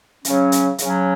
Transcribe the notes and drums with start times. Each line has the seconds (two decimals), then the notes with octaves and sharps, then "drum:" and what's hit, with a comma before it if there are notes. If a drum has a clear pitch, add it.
0.25 C#3 F#3 C#4, drum: hi-hat
0.52 drum: hi-hat
0.78 C#3 F#3 C#4, drum: hi-hat